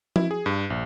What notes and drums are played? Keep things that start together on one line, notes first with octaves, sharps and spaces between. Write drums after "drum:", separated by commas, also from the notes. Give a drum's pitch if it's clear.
E4, drum: tom F3
G#4
G2
A#1